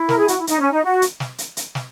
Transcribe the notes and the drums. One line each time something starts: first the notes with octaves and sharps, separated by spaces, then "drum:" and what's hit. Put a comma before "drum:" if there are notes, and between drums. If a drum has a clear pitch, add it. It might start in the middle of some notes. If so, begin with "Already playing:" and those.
Already playing: E4
A#4, drum: snare
G#4
F#4, drum: hi-hat
E4
D#4, drum: hi-hat
C#4
D#4
F#4
drum: hi-hat
drum: snare
drum: hi-hat
drum: hi-hat
drum: snare